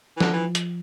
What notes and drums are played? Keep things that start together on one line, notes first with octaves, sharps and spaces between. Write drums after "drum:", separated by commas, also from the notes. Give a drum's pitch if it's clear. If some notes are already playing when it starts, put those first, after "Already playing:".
E3
D3 F3, drum: snare
E3
drum: hi-hat